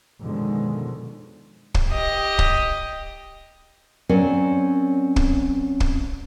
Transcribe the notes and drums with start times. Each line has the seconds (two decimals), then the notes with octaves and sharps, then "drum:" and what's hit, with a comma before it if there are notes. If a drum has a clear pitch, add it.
0.21 F#2 B2 D3 D#3 F3 G#3
1.74 drum: kick
1.91 G4 D#5
2.39 drum: kick
4.09 F#3 C4 C#4 A#4 D5
5.16 drum: kick
5.80 drum: kick